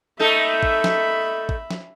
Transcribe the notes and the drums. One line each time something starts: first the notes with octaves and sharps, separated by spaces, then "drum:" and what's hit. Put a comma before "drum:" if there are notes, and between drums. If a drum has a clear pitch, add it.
A3 D#4 A4 E5 B5
drum: kick
drum: snare
drum: kick
drum: snare